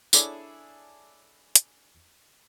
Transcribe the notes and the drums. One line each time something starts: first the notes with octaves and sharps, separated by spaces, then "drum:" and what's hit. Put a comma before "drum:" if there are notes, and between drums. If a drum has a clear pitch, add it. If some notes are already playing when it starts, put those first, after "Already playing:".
D4 E4 G#4 A4 C#5 D5, drum: tambourine
drum: hi-hat